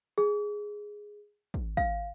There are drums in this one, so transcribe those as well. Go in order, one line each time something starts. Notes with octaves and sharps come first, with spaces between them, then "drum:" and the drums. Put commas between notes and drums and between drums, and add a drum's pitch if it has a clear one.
G#4
drum: kick
F5, drum: kick